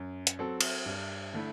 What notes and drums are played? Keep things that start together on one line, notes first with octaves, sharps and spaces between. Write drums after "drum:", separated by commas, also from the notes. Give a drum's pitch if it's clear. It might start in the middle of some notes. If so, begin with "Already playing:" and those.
Already playing: F#2
drum: hi-hat
F#3 C4 F#4 A4
drum: cymbal
G2
D3 A3 E4